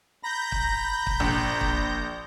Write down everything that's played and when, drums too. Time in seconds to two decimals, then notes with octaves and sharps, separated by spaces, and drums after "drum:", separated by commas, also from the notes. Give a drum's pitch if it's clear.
0.23 A#5 B5 G6 A#6
0.52 drum: kick
1.07 drum: kick
1.20 A#1
1.61 drum: kick